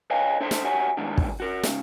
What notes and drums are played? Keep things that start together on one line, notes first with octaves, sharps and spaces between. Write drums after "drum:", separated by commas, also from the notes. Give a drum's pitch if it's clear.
B4 C#5 D#5 F5 G5 G#5
D4 A4 C5 E5 A5 C6
drum: snare
F#4 G4 C#5 E5 F#5 G#5
A2 D#3 G3 G#3 B3 D4
drum: kick
F#4 A#4
G#2 C#3, drum: snare